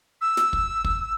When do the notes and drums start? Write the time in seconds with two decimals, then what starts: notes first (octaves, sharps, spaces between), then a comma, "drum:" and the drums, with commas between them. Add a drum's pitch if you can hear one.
0.21 E6
0.37 drum: snare
0.53 drum: kick
0.84 drum: kick